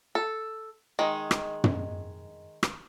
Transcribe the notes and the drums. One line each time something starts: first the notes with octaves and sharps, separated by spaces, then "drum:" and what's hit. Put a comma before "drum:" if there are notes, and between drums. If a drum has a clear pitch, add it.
A4
D#3 G#3
drum: rim click
drum: tom
drum: rim click